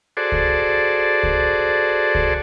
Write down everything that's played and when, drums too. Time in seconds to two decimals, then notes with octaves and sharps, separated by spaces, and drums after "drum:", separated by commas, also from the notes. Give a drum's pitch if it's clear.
0.17 F#4 G#4 A4 C5 D5
0.32 drum: kick C#2
1.23 drum: kick C#2
2.15 drum: kick C#2